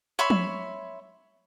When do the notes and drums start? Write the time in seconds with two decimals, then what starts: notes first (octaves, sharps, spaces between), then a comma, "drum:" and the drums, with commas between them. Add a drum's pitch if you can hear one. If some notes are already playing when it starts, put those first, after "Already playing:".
0.19 C#5 E5 B5 C6
0.30 drum: tom F3